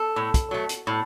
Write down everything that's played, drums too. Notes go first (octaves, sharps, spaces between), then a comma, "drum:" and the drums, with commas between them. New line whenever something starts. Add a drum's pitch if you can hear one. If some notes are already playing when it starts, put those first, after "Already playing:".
Already playing: A4
A2
drum: kick, hi-hat
F#3 A3
drum: hi-hat
A2